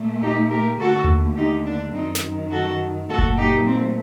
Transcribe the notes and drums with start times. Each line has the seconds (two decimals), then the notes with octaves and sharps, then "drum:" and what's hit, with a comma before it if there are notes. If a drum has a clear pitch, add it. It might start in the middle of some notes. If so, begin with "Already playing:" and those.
Already playing: A#2 A3
0.22 D#4 G4
0.51 G4 A#4
0.79 D#2 D3 A3 F#4 A4
1.04 drum: tom D#2
1.37 D#4 G4
1.65 D4
1.94 F#2 D#3 F#3 C4 D#4
2.15 drum: snare
2.51 F#4 A4
3.09 A#2 F#3 A3 F#4 A4
3.18 drum: kick F#1
3.37 D#4 G4
3.66 C4